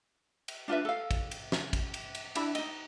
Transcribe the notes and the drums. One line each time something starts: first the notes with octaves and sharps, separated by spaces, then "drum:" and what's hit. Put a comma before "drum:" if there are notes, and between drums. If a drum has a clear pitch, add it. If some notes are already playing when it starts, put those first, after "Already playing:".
drum: cymbal
D4 F4 B4 E5
A4 F5
drum: kick, cymbal
drum: cymbal
drum: snare
drum: kick, cymbal
drum: cymbal
drum: cymbal
D4 E4 E5 B5, drum: cymbal
D#4 D#5, drum: cymbal